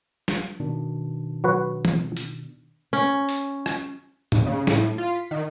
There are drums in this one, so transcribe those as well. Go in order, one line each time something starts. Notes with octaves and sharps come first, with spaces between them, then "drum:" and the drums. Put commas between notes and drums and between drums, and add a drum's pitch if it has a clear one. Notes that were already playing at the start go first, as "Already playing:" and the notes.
drum: snare
B2 D#3 D4
F#3 F#4 B4
drum: tom
drum: hi-hat
C#4
drum: hi-hat
drum: rim click
D#2, drum: tom A2
C#3
A2, drum: snare
F4
B6
D#3